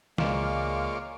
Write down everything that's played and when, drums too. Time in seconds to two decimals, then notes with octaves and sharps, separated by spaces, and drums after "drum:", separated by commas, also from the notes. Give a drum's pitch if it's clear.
0.18 C#2 G#3 A#3 F4 C#5 D5, drum: snare